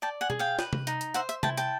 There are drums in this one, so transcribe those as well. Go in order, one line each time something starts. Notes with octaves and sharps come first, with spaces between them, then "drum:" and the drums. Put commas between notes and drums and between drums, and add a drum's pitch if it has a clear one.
D5 G5 A5
F#5 G#5
G#4, drum: tom B2
F5 G5
B4, drum: snare
drum: tom C3
D#4, drum: hi-hat
drum: hi-hat
C5 E5 F#5, drum: hi-hat
E5, drum: hi-hat
E4 G5 A5, drum: tom C3
G5 A5, drum: hi-hat